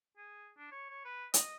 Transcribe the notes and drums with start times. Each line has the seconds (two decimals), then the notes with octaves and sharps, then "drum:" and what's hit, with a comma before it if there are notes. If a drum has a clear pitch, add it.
0.17 G#4
0.57 D4
0.71 C#5
0.90 C#5
1.05 B4
1.34 D#5, drum: hi-hat